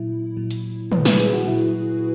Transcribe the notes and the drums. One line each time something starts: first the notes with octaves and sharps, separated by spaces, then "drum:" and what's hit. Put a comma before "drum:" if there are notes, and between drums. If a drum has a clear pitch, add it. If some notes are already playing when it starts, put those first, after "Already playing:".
Already playing: A#2 F#3 E4
A#2 F#3
drum: hi-hat
A#2 F#3 B4, drum: tom
B4, drum: snare
G#4, drum: hi-hat
F#4
A#2 F#3 E4